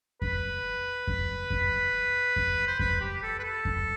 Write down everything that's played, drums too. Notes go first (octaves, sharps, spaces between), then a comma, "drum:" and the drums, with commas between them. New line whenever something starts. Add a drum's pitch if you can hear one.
B4, drum: kick F2
drum: kick F2
drum: kick F2
drum: kick F2
C5
B4, drum: kick F2
G4
A4
B4
A4
drum: kick F2